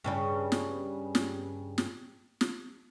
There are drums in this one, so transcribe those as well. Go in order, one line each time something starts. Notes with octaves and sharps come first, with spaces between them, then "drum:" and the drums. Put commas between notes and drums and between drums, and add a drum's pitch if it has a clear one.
G2 C#3 G3
drum: snare
drum: snare
drum: snare
drum: snare